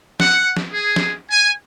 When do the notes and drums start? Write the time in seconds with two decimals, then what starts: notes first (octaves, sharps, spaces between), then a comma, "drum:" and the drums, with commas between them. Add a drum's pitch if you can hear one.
0.20 F#5, drum: snare
0.57 drum: snare
0.73 G#4
0.96 drum: snare
1.30 G#5